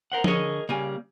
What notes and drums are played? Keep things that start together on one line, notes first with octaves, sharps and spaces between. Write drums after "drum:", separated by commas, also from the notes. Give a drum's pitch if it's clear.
A#4 C5 F#5
D3 G#4 A#4 C#5 D#5, drum: tom F3
C#3 G3 A#3 G#5